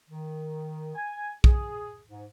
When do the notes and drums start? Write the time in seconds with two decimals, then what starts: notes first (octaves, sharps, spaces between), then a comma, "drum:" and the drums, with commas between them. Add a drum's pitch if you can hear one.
0.09 D#3
0.95 G#5
1.44 G#4, drum: kick B1
2.08 G#2